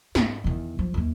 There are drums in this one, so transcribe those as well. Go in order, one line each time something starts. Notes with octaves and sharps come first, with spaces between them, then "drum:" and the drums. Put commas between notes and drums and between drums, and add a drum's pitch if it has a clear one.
G#2, drum: snare
E2 D#3
F3
D#2 E3